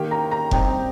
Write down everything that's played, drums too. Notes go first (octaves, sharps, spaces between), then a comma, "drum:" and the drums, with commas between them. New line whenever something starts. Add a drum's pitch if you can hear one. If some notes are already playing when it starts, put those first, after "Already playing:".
Already playing: D#3 A#3 G4 G5
A#5
A#5
G3 C4 D#4 G4 G5, drum: kick F1